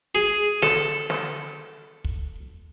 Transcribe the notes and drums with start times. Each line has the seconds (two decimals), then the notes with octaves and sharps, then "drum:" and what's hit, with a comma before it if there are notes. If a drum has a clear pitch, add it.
0.15 G#4
0.62 A4, drum: snare
1.10 drum: snare
2.04 drum: kick